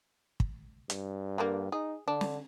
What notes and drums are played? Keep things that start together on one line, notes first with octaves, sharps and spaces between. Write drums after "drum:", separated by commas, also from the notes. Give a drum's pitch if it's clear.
drum: kick
G2, drum: hi-hat
D3 G3 A#3
D#4 G#4
D3 D4
drum: snare